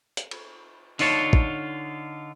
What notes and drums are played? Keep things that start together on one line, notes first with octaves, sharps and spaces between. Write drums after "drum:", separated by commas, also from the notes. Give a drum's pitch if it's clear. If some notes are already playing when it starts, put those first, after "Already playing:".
drum: hi-hat
drum: cymbal
D3 D#4 F4 C#5 A5, drum: open hi-hat
drum: kick